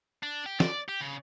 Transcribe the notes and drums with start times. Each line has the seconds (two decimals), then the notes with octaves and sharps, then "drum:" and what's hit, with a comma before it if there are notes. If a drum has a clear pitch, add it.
0.23 D4
0.46 G4
0.60 D5, drum: snare
0.88 G4
1.00 C#3